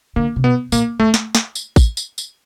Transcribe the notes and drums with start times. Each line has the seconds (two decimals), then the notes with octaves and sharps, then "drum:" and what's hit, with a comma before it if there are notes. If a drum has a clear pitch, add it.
0.16 D3 A#3
0.36 C3
0.44 B2 B3
0.72 A#2 A#3, drum: tambourine
1.00 F2 A3
1.14 drum: snare
1.35 drum: snare
1.55 drum: tambourine
1.76 drum: kick A1, tambourine
1.97 drum: tambourine
2.18 drum: tambourine